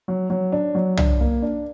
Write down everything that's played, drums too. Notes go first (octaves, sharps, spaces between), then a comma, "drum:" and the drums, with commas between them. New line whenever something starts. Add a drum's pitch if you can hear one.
F#3
F#3
D4
F#3
D4, drum: tom
A#3
D4